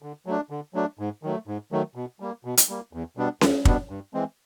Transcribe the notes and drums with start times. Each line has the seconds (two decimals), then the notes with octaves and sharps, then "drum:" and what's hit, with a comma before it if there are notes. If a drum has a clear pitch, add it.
0.02 D3
0.26 F#3 A3 D4
0.50 D3
0.74 F#3 A3 D4
0.99 G#2
1.23 D#3 F#3 A3
1.47 G#2
1.72 D#3 F#3 A3
1.95 B2
2.20 G3 A#3
2.45 B2
2.57 drum: hi-hat
2.69 G3 A#3
2.93 E2
3.17 B2 G3 B3 D4
3.41 E2, drum: snare C#4
3.65 B2 G3 B3 D4, drum: kick
3.89 G2
4.14 E3 G#3 C4